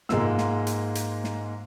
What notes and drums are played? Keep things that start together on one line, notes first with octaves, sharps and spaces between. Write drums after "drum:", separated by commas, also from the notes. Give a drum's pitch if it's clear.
G#2 G#3 A#3 F4 E6, drum: snare
drum: snare
drum: hi-hat
drum: hi-hat
drum: snare